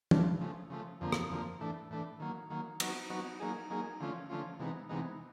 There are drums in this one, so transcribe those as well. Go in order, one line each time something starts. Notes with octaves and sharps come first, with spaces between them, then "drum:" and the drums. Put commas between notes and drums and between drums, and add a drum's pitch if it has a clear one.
E3 A3 D4 F4, drum: tom
C#3 F3 A3
C#3 F3 A3
F2 D3 F3 A#3
drum: rim click
F2 D3 F3 A#3
A2 E3 A3 D4
A2 E3 A3 D4
D#3 F#3 A#3
D#3 F#3 A#3
F#3 B3 D#4 F#4, drum: cymbal
F#3 B3 D#4 F#4
F#3 A#3 D#4 G#4
F#3 A#3 D#4 G#4
D3 F3 A3 C#4 F4
D3 F3 A3 C#4 F4
C3 E3 G#3 B3 D#4
C3 E3 G#3 B3 D#4